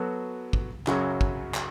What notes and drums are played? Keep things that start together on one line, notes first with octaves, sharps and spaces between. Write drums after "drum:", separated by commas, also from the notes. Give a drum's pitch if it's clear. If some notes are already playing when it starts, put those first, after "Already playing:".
Already playing: F#3 B3 F#4 A4
drum: kick
F#2 C#3 F#3 C#4 F#4, drum: clap
drum: kick
drum: clap